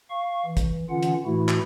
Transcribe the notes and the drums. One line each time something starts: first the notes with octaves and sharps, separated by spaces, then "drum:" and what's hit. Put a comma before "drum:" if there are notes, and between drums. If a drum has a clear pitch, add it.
F5 C#6
E3
drum: kick, hi-hat
D3 E3 C#4 F4 F#5
drum: hi-hat
A2 E3 A3 E4 F#4
drum: clap